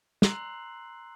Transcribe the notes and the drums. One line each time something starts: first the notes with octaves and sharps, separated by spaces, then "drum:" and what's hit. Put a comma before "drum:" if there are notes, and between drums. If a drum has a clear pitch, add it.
A#5 C6 E6 F#6 C7 F#7, drum: snare